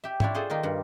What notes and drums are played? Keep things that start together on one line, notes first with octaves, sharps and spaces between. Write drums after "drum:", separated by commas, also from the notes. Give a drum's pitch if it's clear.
G4 E5
D4 E4 F4 C#5 D5 E5, drum: tom G#2
F4 G#4 A4 C5
D#3 A#3 D#4 F4
G2